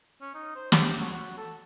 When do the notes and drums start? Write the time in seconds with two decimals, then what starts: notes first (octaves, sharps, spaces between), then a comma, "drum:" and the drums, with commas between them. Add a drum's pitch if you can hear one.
0.21 C#4
0.35 D#4
0.56 C5
0.72 G4, drum: snare
0.99 F#3
1.13 F#4
1.38 A4